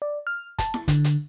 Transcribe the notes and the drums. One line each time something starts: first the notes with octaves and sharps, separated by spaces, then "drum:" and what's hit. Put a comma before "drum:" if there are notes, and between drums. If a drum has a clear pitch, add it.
D5
F6
A5, drum: kick, hi-hat
drum: snare E4
D3, drum: kick, hi-hat
drum: hi-hat